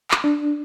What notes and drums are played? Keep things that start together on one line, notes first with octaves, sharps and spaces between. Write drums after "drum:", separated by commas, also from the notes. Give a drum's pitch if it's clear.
drum: clap
D4